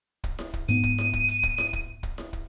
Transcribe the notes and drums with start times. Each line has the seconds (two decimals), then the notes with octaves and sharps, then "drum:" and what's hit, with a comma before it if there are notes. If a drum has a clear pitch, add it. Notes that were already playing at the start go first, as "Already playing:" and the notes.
0.24 drum: kick
0.39 drum: snare E4
0.54 drum: kick
0.68 G#2 B3 D#7, drum: hi-hat
0.83 drum: kick
0.98 drum: snare E4
1.13 drum: kick
1.28 drum: hi-hat
1.43 drum: kick
1.58 drum: snare E4
1.73 drum: kick
2.03 drum: kick
2.18 drum: snare E4
2.33 drum: kick